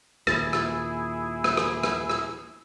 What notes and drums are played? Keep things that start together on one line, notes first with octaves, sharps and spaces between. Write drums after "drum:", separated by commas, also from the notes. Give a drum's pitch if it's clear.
D#2 A#2 E4 G#4 A6, drum: rim click
drum: rim click
drum: rim click
drum: rim click
drum: rim click
drum: rim click